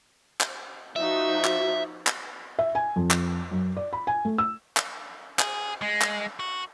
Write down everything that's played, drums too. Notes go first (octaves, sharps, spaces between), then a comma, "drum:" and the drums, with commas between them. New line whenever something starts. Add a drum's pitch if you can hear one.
drum: clap
F3 D#4 F#4 E5
drum: clap
drum: clap
E5
G#5
F2
drum: clap
F#2
D5
B5
G#5
A3
E6
drum: clap
G#4, drum: clap
G#3
drum: clap
F#4